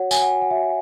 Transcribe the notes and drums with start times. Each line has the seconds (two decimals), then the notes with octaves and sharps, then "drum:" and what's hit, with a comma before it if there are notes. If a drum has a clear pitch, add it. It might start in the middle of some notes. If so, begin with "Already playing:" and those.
Already playing: F#4 C#5 F#5
0.11 G#5, drum: tambourine
0.22 F#5
0.42 F#5
0.51 F#4 C#5 E5